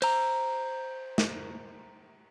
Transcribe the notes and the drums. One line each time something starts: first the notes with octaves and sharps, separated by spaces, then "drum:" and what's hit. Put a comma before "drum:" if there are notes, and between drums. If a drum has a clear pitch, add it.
C5 A#5, drum: cymbal
drum: snare